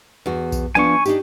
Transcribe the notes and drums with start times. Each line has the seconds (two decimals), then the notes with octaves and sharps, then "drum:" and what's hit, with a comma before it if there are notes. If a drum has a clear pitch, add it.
0.26 E2 F#4
0.52 drum: kick B1, tambourine
0.75 F3 B3 D4 G#5 C#6
1.06 D4 D#4 G4, drum: tambourine